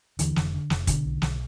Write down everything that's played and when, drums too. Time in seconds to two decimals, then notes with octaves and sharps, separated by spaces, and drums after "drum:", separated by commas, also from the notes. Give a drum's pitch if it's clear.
0.19 D#2 D3 E3, drum: hi-hat
0.36 F1, drum: snare
0.53 D3
0.70 F1, drum: snare
0.87 B2 D3, drum: kick, hi-hat
1.05 B1
1.22 B1, drum: snare